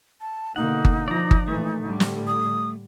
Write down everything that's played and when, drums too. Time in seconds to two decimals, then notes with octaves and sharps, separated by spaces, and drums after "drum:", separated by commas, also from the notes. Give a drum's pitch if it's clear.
0.21 A5
0.56 B2 D3 A#3 D#4 F#5
0.85 drum: kick G1
1.08 F3 D5 A#5
1.31 drum: kick G1
1.48 A#2 E3 A3
1.82 A2 D3 G3
2.00 drum: snare
2.27 D#6